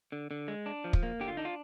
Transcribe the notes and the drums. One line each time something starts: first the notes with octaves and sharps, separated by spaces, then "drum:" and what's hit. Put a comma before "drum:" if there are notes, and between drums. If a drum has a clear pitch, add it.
D3
D3
G#3
D4
F3
drum: kick
A#3
D3 G4
F4
D4 D#4
F4